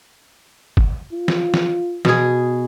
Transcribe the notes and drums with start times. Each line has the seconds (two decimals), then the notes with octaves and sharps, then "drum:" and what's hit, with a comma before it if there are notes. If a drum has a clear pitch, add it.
0.77 drum: kick
1.12 F4
1.28 drum: snare
1.54 drum: snare
2.05 B2 G#4, drum: snare